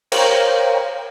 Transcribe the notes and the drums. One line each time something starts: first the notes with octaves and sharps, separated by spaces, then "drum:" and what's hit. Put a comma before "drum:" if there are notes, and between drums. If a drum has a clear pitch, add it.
A#4 C5 C#5 F5 G5 A#5, drum: cymbal